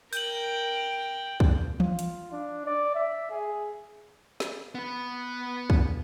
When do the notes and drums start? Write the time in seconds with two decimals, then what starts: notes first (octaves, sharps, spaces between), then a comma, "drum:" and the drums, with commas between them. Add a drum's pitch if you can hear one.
0.13 A#4 G5 G6 F#7, drum: tambourine
1.40 drum: kick
1.80 F4, drum: tom E3
1.99 drum: hi-hat
2.32 D4
2.66 D5
2.95 E5
3.31 G#4
4.40 drum: snare
4.75 B3 B4
5.70 drum: kick